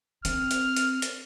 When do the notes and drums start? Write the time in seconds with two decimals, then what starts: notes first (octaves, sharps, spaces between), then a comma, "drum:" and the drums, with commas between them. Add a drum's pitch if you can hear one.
0.25 C4 F6, drum: hi-hat
0.51 drum: hi-hat
0.76 drum: hi-hat
1.02 drum: hi-hat